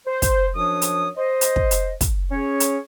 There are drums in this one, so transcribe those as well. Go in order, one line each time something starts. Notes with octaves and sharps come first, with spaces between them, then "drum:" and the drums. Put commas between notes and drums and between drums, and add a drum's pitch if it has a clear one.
C5
drum: kick, hi-hat
F#2 F3 D4 C#5 D#6
drum: hi-hat
C5 D#5
drum: hi-hat
drum: kick
drum: hi-hat
drum: kick, hi-hat
C#4 G#4 C#5
drum: hi-hat